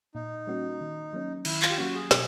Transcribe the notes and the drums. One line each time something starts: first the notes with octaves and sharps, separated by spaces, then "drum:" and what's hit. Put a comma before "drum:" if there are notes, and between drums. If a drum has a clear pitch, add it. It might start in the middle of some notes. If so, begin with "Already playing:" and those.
A#2 D#4
G3 A#3 C#4 F#4
D#3
F#3 A#3 C#4
D#3 E4, drum: cymbal
F4, drum: clap
G4
F#3 A#3 C#4 F#4
G#4
B2, drum: snare